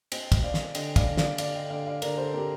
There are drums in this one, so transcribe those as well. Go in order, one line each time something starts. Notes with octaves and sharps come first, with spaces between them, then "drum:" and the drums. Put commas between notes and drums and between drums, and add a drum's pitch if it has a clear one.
C4 D#5 G5, drum: cymbal
D#5, drum: kick, cymbal
C4 D5 F5
drum: snare
D3 D#5 G5, drum: cymbal
D5 F5, drum: kick, cymbal
D3
D5 F5, drum: snare
D3 D5 F5, drum: cymbal
D#5 G5
D3 D5 F5
D5 F5
D3 A#4 D5, drum: cymbal
A4 C5
C4 G4 A#4